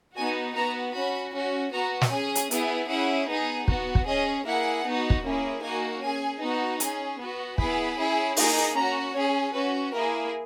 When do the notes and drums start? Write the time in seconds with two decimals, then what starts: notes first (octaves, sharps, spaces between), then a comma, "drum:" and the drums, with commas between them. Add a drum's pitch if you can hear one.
0.16 B3 D#4 F#4 G#5
0.56 B3 F#4 A#5
0.94 C#4 F#4 B5
1.33 C#4 F#4
1.73 B3 F#4 A#5
2.01 drum: snare
2.12 C#4 G#4 G#5
2.35 drum: hi-hat
2.51 B3 E4 G#4, drum: hi-hat
2.89 C#4 E4 G#4 F#5
3.29 B3 D#4 G#4
3.68 B3 F#4, drum: kick
3.95 drum: kick
4.07 C#4 G#4 D#5
4.46 A#3 E4 G#4 F#5
4.85 B3 D#4 F#4
5.10 drum: kick
5.24 A#3 C#4 E4 G#4
5.63 A#3 D#4 F#4 G#5
6.02 C#4 G#4 G#5
6.41 B3 D#4 F#4
6.80 C#4 G#4 G#5, drum: hi-hat
7.19 B3 F#4
7.58 B3 E4 G#4 B5, drum: kick
7.97 C#4 E4 G#4
8.37 A#3 D#4 G#4, drum: open hi-hat
8.75 C#4 F#4 A#5
9.14 C#4 G#4 C#5
9.53 C#4 F#4 B4
9.92 A#3 E4 G#4 A#4